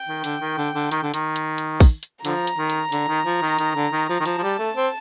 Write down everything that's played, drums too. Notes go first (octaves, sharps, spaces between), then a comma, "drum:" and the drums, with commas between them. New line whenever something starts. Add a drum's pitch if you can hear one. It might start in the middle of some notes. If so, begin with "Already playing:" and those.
Already playing: G5
D#3
D3, drum: hi-hat
D#3
D3
D3
D#3, drum: hi-hat
D3
D#3, drum: hi-hat
drum: hi-hat
drum: hi-hat
drum: kick, open hi-hat
drum: hi-hat
D3 F3 A#5, drum: hi-hat
drum: hi-hat
D#3
drum: hi-hat
D3, drum: hi-hat
D#3
F3
D#3
D#3, drum: hi-hat
D3
D#3
F3
D#3
F3 A5, drum: hi-hat
F3
G3
A3
C4